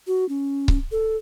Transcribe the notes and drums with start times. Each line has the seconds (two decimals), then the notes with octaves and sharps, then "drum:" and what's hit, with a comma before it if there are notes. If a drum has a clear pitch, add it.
0.07 F#4
0.29 C#4
0.68 drum: kick C#1
0.92 A4